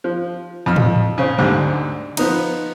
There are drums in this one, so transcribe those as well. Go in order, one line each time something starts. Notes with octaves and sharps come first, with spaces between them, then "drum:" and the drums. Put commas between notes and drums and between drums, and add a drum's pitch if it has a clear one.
F3
F2 F6
drum: tom A2
C#3 C4 C#4
D2 G#2 D3 G3
F3 B3 D#4, drum: cymbal